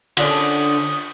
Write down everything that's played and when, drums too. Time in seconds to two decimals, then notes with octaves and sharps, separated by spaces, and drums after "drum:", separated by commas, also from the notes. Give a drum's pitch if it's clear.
0.17 D3 C#4 D4 F4 D#6, drum: cymbal